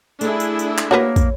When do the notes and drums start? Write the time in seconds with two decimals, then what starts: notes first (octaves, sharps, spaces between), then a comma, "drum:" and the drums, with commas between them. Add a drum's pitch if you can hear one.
0.21 A3 D4 E4 G#4, drum: tambourine
0.40 drum: tambourine
0.59 drum: tambourine
0.78 drum: clap
0.91 A#3 F#4 A#4 B4 C#5
1.16 drum: kick, tambourine